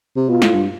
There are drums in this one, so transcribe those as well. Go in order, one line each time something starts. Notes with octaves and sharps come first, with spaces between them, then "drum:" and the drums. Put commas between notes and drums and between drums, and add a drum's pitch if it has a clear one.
C3
B2 F4
A2, drum: snare
G2